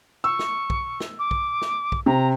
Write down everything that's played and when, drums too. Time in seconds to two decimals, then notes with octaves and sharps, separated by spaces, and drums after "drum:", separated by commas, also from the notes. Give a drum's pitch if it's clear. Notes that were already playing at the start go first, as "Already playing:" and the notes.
0.24 C#6 E6
0.39 drum: snare
0.70 drum: kick
1.00 drum: snare
1.19 D6
1.31 drum: kick
1.62 drum: snare
1.92 drum: kick
2.06 C3 A#5